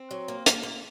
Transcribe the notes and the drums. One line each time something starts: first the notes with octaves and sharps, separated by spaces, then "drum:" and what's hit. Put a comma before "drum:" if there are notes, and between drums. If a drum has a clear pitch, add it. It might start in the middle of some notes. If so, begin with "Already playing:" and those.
Already playing: C4
F#3
A#3
A#3, drum: hi-hat
A#3